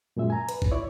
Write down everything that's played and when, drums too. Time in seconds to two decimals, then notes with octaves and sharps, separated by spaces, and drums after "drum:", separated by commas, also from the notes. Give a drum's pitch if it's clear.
0.17 F#2 A#2 G#3 E5
0.30 G#5 A#5
0.49 B4, drum: hi-hat
0.62 drum: kick A1
0.72 E4 C#5 D5 C#6